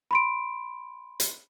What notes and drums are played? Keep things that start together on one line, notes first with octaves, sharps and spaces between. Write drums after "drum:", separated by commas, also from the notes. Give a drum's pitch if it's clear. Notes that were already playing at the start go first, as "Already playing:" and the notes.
B5 C6 D7
drum: hi-hat